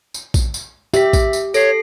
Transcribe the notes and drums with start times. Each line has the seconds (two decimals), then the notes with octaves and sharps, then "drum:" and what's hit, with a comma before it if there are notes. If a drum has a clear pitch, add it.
0.14 drum: tambourine
0.34 drum: kick A#1, tambourine
0.54 drum: tambourine
0.94 G4 E5 B6, drum: tambourine
1.13 drum: kick A#1, tambourine
1.33 drum: tambourine
1.54 A4 C#5 C7, drum: tambourine